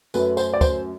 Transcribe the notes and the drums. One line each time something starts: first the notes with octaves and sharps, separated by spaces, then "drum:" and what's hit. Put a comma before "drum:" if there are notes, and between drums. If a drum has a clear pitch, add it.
F#2 F#3 A3 B4, drum: tambourine
C5, drum: tambourine
D5
C5, drum: kick, tambourine